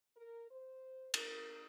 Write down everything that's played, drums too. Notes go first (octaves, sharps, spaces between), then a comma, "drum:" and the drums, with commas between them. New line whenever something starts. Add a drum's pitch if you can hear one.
A#4
C5
A#4, drum: cymbal